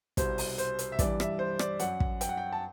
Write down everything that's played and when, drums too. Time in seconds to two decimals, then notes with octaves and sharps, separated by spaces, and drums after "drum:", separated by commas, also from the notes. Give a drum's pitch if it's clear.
0.17 C2 B2 G3 C5, drum: kick, hi-hat
0.38 drum: open hi-hat
0.58 C5, drum: hi-hat
0.79 drum: hi-hat
0.92 E5
0.99 G2 E3 G3 D5, drum: kick, hi-hat
1.20 E5, drum: rim click
1.39 C5
1.59 D5, drum: rim click
1.79 F#2 F#3 F#5, drum: hi-hat
2.00 drum: kick
2.21 G5, drum: hi-hat
2.29 F#5
2.37 G5
2.53 A5